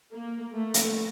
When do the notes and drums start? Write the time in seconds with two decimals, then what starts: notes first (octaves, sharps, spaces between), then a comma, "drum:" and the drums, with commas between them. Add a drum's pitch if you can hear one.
0.12 A#3
0.53 A3
0.74 drum: hi-hat